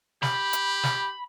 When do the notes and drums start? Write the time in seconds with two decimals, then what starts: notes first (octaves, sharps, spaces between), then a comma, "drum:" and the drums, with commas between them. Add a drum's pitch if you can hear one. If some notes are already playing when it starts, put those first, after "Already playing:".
0.23 G4 B5, drum: snare
0.53 drum: hi-hat
0.83 drum: snare